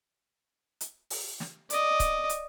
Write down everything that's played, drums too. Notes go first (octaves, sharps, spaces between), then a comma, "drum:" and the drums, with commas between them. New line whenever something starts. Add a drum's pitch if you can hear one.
drum: hi-hat
drum: open hi-hat
drum: snare
D5 D#5, drum: hi-hat
drum: kick C#1, hi-hat
drum: hi-hat